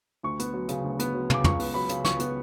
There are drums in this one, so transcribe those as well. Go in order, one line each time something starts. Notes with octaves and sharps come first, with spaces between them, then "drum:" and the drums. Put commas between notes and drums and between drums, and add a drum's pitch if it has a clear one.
D2 C#6
B3, drum: hi-hat
F#3
C#3, drum: hi-hat
D2
B3, drum: hi-hat
F#3
C#3 D6, drum: tom
C#2 C#6, drum: tom
B3, drum: open hi-hat
F#3 B5
C#3, drum: hi-hat
C#2 C#6, drum: snare
B3, drum: hi-hat